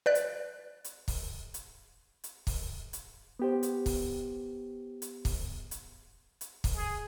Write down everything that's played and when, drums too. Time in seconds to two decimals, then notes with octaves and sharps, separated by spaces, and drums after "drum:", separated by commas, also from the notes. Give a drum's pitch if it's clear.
0.06 B4 D5 F#6
0.15 drum: hi-hat
0.84 drum: hi-hat
1.08 drum: kick, open hi-hat
1.54 drum: hi-hat
2.24 drum: hi-hat
2.47 drum: kick, open hi-hat
2.93 drum: hi-hat
3.39 B3 G4 C5
3.63 drum: hi-hat
3.86 drum: kick, open hi-hat
5.02 drum: hi-hat
5.25 drum: kick, open hi-hat
5.71 drum: hi-hat
6.41 drum: hi-hat
6.64 drum: kick, open hi-hat
6.76 G#4